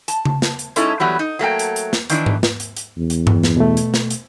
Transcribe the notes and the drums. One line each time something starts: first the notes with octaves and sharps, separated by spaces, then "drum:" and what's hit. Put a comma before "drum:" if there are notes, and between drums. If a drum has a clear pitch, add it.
A5, drum: hi-hat
drum: tom C#3
drum: snare
drum: hi-hat
G#3 C#4 D#4 E4 A4, drum: hi-hat
E3 F#3 G3 B3
D#4
F#3 A3 A#3 G5
drum: hi-hat
drum: hi-hat
drum: snare
D#3 E3 D4, drum: hi-hat
drum: tom G#2
drum: snare
drum: hi-hat
drum: hi-hat
E2
drum: hi-hat
drum: tom G2
drum: snare
B2 A3
drum: hi-hat
drum: snare
drum: hi-hat